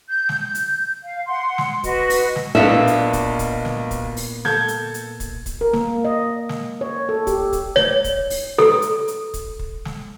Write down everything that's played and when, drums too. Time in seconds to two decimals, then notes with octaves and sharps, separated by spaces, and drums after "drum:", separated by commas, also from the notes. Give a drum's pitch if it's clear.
0.09 G6
0.29 drum: snare
0.39 G6
0.55 drum: hi-hat
1.03 F5
1.28 F#5 C6
1.58 drum: snare
1.84 F#4 B4 D#5, drum: kick, hi-hat
2.10 drum: open hi-hat
2.36 drum: snare
2.55 B1 A#2 B3 D4 E5 F5
2.87 drum: hi-hat
3.13 drum: kick, hi-hat
3.39 drum: kick, hi-hat
3.65 drum: snare
3.91 drum: kick, hi-hat
4.17 drum: open hi-hat
4.45 A4 G6 G#6, drum: snare
4.68 drum: hi-hat
4.94 drum: hi-hat
5.20 drum: kick, hi-hat
5.46 drum: kick, hi-hat
5.61 A#4
5.73 A#3, drum: snare
6.05 D#5
6.49 drum: snare
6.81 C#5
7.09 A4
7.27 G4, drum: kick, hi-hat
7.53 drum: kick, hi-hat
7.76 C#5, drum: snare
8.04 drum: kick, hi-hat
8.30 drum: open hi-hat
8.58 A4, drum: snare
8.82 drum: hi-hat
9.08 drum: hi-hat
9.34 drum: kick, hi-hat
9.59 drum: kick
9.85 drum: snare